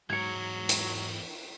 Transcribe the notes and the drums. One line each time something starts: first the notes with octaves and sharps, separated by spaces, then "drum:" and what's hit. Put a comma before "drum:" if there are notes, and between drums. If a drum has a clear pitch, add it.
E2 G#2 F#3 A#4 G#6 C#7
drum: hi-hat